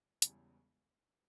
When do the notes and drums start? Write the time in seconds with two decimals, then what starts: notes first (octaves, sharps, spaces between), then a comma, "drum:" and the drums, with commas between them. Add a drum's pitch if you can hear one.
0.22 E1 E2 C#3 E3 G3, drum: hi-hat